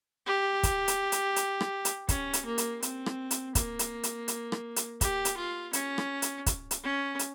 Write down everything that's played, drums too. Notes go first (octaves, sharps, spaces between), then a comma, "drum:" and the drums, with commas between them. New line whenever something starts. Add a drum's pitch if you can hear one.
G4
drum: kick, hi-hat
drum: hi-hat
drum: hi-hat
drum: hi-hat
drum: rim click
drum: hi-hat
C#4, drum: kick, hi-hat
drum: hi-hat
A#3
drum: hi-hat
C4, drum: hi-hat
drum: rim click
drum: hi-hat
A#3, drum: kick, hi-hat
drum: hi-hat
drum: hi-hat
drum: hi-hat
drum: rim click
drum: hi-hat
G4, drum: kick, hi-hat
drum: hi-hat
F4
C#4, drum: hi-hat
drum: rim click
drum: hi-hat
drum: kick, hi-hat
drum: hi-hat
C#4
drum: hi-hat